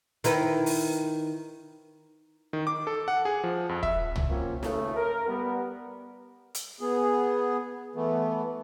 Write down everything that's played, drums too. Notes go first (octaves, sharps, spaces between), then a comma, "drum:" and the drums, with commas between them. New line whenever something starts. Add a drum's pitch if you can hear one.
D#3 E4 B4, drum: hi-hat
drum: open hi-hat
D#3
D6
A4
F#5
G#4
F3
F2
E5, drum: kick
drum: tom
F#3 A#3 C4 C#4 F4
D#2 C#3 A3, drum: snare
A#4
G3 B3
drum: hi-hat
B3 G#4
E3 A3 B3